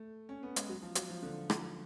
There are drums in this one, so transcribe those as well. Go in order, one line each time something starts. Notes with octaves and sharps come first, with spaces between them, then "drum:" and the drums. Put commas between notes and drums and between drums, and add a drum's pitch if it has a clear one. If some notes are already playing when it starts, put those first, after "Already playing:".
Already playing: A3
C#4
B3
G#3, drum: hi-hat
F#3
F3
F#3, drum: hi-hat
F3
D3
F3, drum: rim click